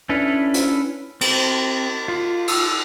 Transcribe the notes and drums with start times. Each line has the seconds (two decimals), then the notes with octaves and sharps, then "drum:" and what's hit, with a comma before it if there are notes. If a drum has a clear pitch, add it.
0.09 C#4 D4 E4 A4 B4
0.54 drum: hi-hat
1.21 C4, drum: cymbal
2.08 F4
2.48 drum: cymbal